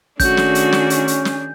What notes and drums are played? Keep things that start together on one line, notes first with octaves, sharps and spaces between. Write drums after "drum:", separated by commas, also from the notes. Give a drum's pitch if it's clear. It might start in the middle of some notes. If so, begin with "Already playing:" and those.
D#3 A3 C#4 D4 F#4 G#4 G6, drum: kick, hi-hat
drum: snare
drum: hi-hat
drum: snare
drum: hi-hat
drum: hi-hat
drum: snare